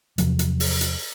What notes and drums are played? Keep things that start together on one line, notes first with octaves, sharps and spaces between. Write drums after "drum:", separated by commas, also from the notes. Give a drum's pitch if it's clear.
E2 C3 F3 F#3, drum: hi-hat
drum: hi-hat
drum: open hi-hat
drum: hi-hat